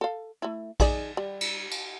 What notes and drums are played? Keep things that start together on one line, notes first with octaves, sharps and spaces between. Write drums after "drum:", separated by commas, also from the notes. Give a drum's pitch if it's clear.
A4 F5
A3 E4
D#4 G#4 D5, drum: kick A#1, cymbal
G3
drum: cymbal
drum: cymbal